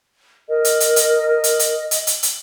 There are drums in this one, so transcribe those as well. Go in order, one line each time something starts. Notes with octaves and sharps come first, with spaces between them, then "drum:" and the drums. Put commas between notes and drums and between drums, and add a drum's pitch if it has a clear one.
A#4 D#5
drum: hi-hat
drum: hi-hat
drum: hi-hat
drum: hi-hat
drum: hi-hat
drum: hi-hat
drum: hi-hat
drum: hi-hat